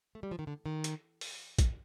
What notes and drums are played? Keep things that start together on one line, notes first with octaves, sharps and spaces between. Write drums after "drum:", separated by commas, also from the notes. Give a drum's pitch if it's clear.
A3
G3
F3
D#3
D3
D#3
drum: hi-hat
drum: open hi-hat
drum: kick, hi-hat